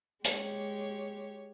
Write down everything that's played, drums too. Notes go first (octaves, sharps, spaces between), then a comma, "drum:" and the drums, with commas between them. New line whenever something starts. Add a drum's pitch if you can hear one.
G#3 G4 C#5, drum: hi-hat